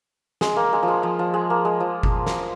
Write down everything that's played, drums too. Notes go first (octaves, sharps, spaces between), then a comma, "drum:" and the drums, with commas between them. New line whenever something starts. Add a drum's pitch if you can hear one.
G#3, drum: snare
A#3
G#3
F3
G#3
F3
F3
G#3
A#3
G#3
F3
drum: kick F#1
drum: snare